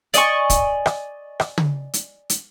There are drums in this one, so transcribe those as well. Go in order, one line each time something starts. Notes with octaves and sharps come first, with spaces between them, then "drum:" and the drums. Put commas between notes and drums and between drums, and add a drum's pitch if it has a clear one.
D5 D#5 G#5 C#6, drum: hi-hat
drum: kick, hi-hat
drum: rim click
drum: rim click
drum: tom
drum: hi-hat
drum: hi-hat